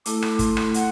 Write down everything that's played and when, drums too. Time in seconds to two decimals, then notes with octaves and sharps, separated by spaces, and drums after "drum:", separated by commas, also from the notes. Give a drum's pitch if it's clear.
0.06 A3 E4 A4 D6, drum: hi-hat
0.22 drum: rim click
0.39 C6, drum: kick, hi-hat
0.57 drum: rim click
0.74 F#5, drum: hi-hat